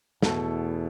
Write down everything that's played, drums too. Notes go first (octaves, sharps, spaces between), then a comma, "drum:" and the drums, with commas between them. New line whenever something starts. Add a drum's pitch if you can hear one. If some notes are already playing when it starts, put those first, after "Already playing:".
E2 B2 A3 E4 A4, drum: snare